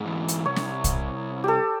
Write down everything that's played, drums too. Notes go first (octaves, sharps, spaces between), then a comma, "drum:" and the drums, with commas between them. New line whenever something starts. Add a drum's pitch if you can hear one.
G#2 E3
drum: hi-hat
C2 C#5
drum: snare
drum: kick, hi-hat
G4 A4